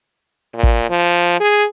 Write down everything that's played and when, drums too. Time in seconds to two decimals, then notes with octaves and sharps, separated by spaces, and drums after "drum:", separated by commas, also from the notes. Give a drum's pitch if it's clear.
0.54 A#2
0.63 drum: kick
0.90 F3
1.40 G#4